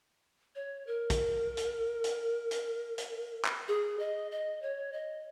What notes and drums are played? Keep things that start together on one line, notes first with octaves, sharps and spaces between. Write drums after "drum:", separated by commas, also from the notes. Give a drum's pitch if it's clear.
C#5
A#4
drum: kick, hi-hat
drum: hi-hat
drum: hi-hat
drum: hi-hat
drum: hi-hat
drum: clap
G#4
D#5
D#5
C#5
D#5